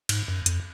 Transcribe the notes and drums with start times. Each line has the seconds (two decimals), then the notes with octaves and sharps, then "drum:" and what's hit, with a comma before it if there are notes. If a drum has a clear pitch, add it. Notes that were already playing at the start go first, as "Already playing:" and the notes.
0.09 G#2, drum: cymbal
0.28 F#2
0.46 F2, drum: hi-hat